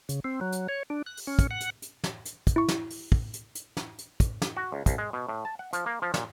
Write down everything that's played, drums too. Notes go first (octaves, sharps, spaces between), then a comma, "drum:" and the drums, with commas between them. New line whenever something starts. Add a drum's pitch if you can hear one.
C#3, drum: hi-hat
C4
F#3
drum: hi-hat
C#5
D4
F#6
drum: open hi-hat
C#4
drum: kick, hi-hat
F#5
drum: hi-hat
drum: hi-hat
drum: snare
drum: hi-hat
drum: kick, hi-hat
E4 C#6
drum: snare
drum: open hi-hat
drum: kick
drum: hi-hat
drum: hi-hat
drum: snare
drum: hi-hat
drum: kick, hi-hat
drum: snare
F#4
C#2
C2, drum: kick, hi-hat
G#3
B2
A2
A5
F#5
F3, drum: hi-hat
A#3
F3
A#2, drum: snare